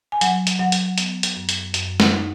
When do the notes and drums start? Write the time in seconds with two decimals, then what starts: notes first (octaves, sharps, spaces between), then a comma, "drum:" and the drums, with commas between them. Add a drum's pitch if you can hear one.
0.12 G#5
0.21 F#3 F#5, drum: hi-hat
0.47 drum: hi-hat
0.59 F#3 F#5
0.72 drum: hi-hat
0.98 B3, drum: hi-hat
1.23 drum: hi-hat
1.36 F#2
1.49 drum: hi-hat
1.74 F#2, drum: hi-hat
2.00 drum: snare
2.13 D#4